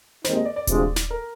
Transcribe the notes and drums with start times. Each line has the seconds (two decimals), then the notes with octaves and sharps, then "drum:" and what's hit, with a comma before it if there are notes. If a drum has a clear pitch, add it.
0.24 D#2 D#3 G#3 C4 D#4 C5, drum: snare
0.35 D#5
0.45 D5
0.56 D5
0.67 D2 C3 F3 G#3, drum: kick D#1, hi-hat
0.96 drum: snare
1.11 A#4